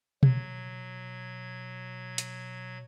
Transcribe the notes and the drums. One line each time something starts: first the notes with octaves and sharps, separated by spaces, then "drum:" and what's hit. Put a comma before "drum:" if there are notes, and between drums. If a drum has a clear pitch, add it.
B2 F#3 G#6, drum: tom B2
drum: hi-hat